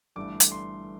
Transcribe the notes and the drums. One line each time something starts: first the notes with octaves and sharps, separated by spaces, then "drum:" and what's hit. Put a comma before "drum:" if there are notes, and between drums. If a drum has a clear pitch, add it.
G1 G2 E3 A3 D6
drum: hi-hat
C6